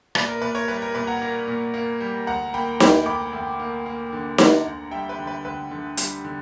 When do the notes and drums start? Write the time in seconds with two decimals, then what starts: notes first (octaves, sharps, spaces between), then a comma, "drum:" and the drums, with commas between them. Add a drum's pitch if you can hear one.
0.15 A#2 B4 D5, drum: rim click
0.29 A#4
0.42 A#2 B4
0.55 A#4 C#5
0.68 G3 B4
0.82 A#4
0.95 A#2 B4
1.07 F#5 A#5
1.22 A#3
1.48 A#2
1.74 A#3
2.00 G3
2.27 D2 F#5 A#5
2.54 A#3 G5 B5
2.80 D2 G5 B5, drum: snare D#4
3.06 D2 B5 D6
3.33 D2
3.59 A#3
3.86 A#3
4.13 D3
4.38 D3 F#5 A#5, drum: snare D#4
4.65 D2
4.91 G3 E5 G5
5.09 B4
5.19 D3
5.27 B4
5.45 D2 B4
5.71 D3
5.97 G3, drum: hi-hat
6.25 D3